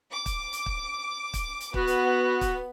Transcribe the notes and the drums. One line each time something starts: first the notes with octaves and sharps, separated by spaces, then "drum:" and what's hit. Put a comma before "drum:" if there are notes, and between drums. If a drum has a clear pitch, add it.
D6
drum: kick, hi-hat
drum: hi-hat
drum: kick
drum: kick, hi-hat
drum: hi-hat
B3 F#4, drum: kick
drum: hi-hat
drum: kick, hi-hat